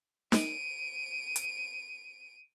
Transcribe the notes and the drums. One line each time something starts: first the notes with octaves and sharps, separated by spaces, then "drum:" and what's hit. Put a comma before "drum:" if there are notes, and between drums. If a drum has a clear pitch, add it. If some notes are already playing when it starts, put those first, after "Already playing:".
D7 D#7, drum: snare
drum: hi-hat